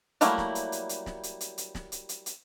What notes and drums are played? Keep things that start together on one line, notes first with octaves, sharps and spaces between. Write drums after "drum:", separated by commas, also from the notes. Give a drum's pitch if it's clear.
F#3 G3 A3 A#3 E4, drum: hi-hat
drum: snare
drum: hi-hat
drum: hi-hat
drum: hi-hat
drum: snare
drum: hi-hat
drum: hi-hat
drum: hi-hat
drum: snare
drum: hi-hat
drum: hi-hat
drum: hi-hat